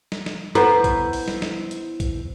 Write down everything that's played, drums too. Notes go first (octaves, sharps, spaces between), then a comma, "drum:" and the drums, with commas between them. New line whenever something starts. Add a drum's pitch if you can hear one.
drum: snare
drum: snare
B3 E4 A4 B4 C5 A#5 C#6, drum: hi-hat
drum: kick A#1, hi-hat
drum: open hi-hat
drum: snare
drum: snare
drum: hi-hat
drum: kick A#1, hi-hat